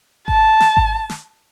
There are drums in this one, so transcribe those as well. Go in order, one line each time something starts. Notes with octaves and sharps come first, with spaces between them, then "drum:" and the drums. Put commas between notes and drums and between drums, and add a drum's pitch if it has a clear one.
A5, drum: kick G#1
drum: snare
drum: kick G#1
drum: snare